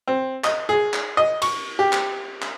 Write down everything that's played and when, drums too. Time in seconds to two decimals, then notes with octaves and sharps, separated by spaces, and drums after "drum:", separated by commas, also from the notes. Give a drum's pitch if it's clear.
0.08 C4
0.44 D#5, drum: clap
0.69 G#4
0.94 drum: clap
1.17 D#5
1.42 C#6, drum: cymbal
1.79 G4
1.93 drum: clap
2.42 drum: clap